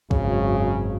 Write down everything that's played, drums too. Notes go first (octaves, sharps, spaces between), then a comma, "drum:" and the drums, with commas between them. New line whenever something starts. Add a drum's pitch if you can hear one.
G#1 F#2 C#3, drum: kick C2